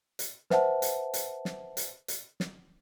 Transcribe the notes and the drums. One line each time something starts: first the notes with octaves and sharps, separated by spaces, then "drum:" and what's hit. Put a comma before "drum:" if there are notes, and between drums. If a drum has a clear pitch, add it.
drum: hi-hat
B4 C5 E5 F#5 A5, drum: snare
drum: hi-hat
drum: hi-hat
drum: snare
drum: hi-hat
drum: hi-hat
drum: snare